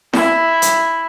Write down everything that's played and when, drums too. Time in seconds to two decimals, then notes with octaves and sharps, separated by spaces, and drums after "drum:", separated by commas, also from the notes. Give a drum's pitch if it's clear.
0.13 E4, drum: snare E4
0.62 drum: hi-hat